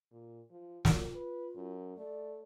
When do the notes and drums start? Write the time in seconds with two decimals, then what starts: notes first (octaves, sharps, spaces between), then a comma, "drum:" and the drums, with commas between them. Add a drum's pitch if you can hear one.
0.11 A#2
0.50 F3
0.85 F#3 F4, drum: snare
1.15 B4
1.55 F#2
1.97 A3 D5